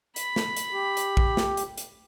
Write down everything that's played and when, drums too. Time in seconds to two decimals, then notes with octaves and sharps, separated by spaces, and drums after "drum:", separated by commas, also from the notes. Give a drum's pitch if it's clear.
0.16 B5, drum: hi-hat
0.36 drum: snare
0.57 drum: hi-hat
0.72 G4
0.97 drum: hi-hat
1.17 drum: kick A#1
1.37 drum: snare
1.57 drum: hi-hat
1.78 drum: hi-hat